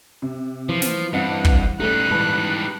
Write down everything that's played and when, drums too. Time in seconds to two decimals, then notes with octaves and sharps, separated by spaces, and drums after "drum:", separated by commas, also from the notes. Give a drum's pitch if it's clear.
0.22 C3
0.69 E3 F3
0.82 drum: snare
1.13 G2 C4 E4 D#5 F#5
1.45 drum: kick
1.80 G3 A3 C#4 D#4 F#6
2.11 G#2 E3 B4 A5